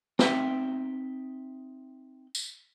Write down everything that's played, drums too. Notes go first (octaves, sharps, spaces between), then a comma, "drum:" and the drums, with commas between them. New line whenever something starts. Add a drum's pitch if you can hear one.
C4 D#4 E5 G5, drum: snare
drum: tambourine